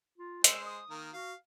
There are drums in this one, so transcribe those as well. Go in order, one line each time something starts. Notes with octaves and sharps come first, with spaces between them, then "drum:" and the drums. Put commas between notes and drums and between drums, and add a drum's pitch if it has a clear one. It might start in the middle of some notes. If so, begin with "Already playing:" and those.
F4
G#3 C5 E6, drum: hi-hat
D#6
D#3 A#3
F#4 F5